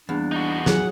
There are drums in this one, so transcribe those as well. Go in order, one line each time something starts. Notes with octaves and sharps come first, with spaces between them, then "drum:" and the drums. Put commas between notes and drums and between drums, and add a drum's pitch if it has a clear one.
E2 G3 A#3 D4
D#4 F#4
F#3 G#4 F#5, drum: snare